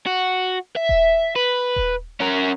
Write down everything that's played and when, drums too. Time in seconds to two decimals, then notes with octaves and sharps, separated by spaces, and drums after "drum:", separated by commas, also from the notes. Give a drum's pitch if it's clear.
0.07 F#4
0.76 E5
0.89 drum: kick D#1
1.36 B4
1.76 drum: kick D#1
2.20 C#4 A#4